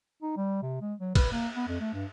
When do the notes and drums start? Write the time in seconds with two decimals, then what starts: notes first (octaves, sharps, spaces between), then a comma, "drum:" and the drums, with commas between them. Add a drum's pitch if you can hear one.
0.22 D#4
0.37 G3
0.62 C3
0.81 G#3
1.00 F#3
1.15 B4, drum: kick, cymbal
1.32 A#3
1.56 B3
1.68 F2
1.80 A3
1.94 G2